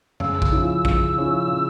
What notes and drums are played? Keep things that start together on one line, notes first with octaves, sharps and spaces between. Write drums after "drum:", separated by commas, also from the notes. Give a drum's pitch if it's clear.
C#3 E6, drum: tom F2
drum: kick
F3 C#4 E4
C#3, drum: kick
F3 C#4 E4
C#3